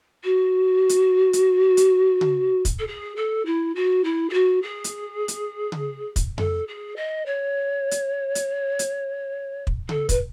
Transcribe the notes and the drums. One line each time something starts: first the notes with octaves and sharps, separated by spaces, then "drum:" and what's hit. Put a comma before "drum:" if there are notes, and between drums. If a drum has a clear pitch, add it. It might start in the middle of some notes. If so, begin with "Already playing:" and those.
F#4
drum: hi-hat
drum: hi-hat
drum: hi-hat
drum: tom C#3
drum: kick, hi-hat
A4
G#4
A4
E4
F#4
E4
G#4
F#4
G#4
drum: hi-hat
drum: hi-hat
drum: tom C#3
drum: kick, hi-hat
A4, drum: tom F2
G#4
D#5
C#5
drum: hi-hat
drum: hi-hat
drum: hi-hat
drum: kick
A4, drum: tom C#3
B4, drum: kick, hi-hat